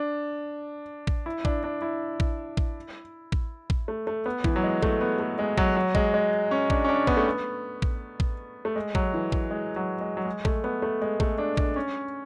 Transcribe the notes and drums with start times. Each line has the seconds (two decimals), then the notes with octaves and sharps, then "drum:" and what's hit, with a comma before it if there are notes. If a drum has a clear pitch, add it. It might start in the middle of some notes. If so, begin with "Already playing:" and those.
Already playing: D4
1.07 drum: kick A1
1.26 E4
1.45 D4, drum: kick A1
1.64 D4
1.82 E4
2.20 drum: kick A1
2.57 drum: kick A1
3.32 drum: kick A1
3.70 drum: kick A1
3.88 A3
4.07 A3
4.26 B3
4.44 E3, drum: kick A1
4.56 F#3
4.64 G#3
4.82 A3, drum: kick A1
5.01 B3
5.19 A3
5.39 G#3
5.58 F#3, drum: kick A1
5.76 F#3
5.95 G#3, drum: kick A1
6.14 G#3
6.51 C#4
6.70 D4, drum: kick A1
6.84 C#4
6.89 D4
7.07 B3, drum: kick A1
7.17 A3
7.27 B3
7.82 drum: kick A1
8.20 drum: kick A1
8.65 A3
8.76 G#3
8.95 F#3, drum: kick A1
9.14 E3
9.32 drum: kick A1
9.51 G#3
9.76 F#3
10.01 G#3
10.17 F#3
10.25 G#3
10.45 A3, drum: kick A1
10.64 B3
10.82 A3
11.01 G#3
11.20 A3, drum: kick A1
11.38 D4
11.57 D4, drum: kick A1
11.76 C#4